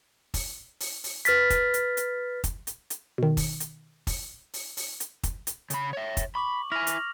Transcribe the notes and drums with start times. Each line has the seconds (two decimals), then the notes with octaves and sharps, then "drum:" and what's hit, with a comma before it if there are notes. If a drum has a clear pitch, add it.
0.34 drum: kick, open hi-hat
0.80 drum: open hi-hat
1.04 drum: open hi-hat
1.25 B4 F6 A6 B6, drum: hi-hat
1.50 drum: kick, hi-hat
1.74 drum: hi-hat
1.97 drum: hi-hat
2.44 drum: kick, hi-hat
2.67 drum: hi-hat
2.90 drum: hi-hat
3.18 B2 D#3
3.37 drum: kick, open hi-hat
3.60 drum: hi-hat
4.07 drum: kick, open hi-hat
4.54 drum: open hi-hat
4.77 drum: open hi-hat
5.00 drum: hi-hat
5.23 drum: kick, hi-hat
5.47 drum: hi-hat
5.70 C#3 B5, drum: hi-hat
5.93 C#5 E5
6.17 drum: kick, hi-hat
6.35 B5 C#6 D6 F#7
6.72 E4 G#5 F6 A#6 F7
6.87 drum: hi-hat